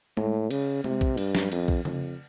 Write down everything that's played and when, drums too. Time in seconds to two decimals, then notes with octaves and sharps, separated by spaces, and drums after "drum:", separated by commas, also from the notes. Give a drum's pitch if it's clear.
0.17 A2, drum: tom G#3
0.50 C#3, drum: cymbal
0.84 C3, drum: tom G#3
1.01 drum: kick A#1
1.17 G2, drum: cymbal
1.35 drum: snare
1.52 F2, drum: cymbal
1.68 drum: kick A#1
1.85 F2, drum: tom C#3